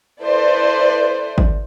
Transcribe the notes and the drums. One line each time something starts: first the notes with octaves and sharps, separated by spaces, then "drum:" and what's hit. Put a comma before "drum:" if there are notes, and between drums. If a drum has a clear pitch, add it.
E4 A4 B4 C5 D5
drum: kick G#1